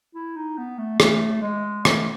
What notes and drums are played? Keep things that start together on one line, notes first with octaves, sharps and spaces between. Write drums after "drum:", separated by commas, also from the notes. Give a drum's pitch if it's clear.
E4
D#4
B3
A3
A3, drum: rim click
G#3
A3, drum: rim click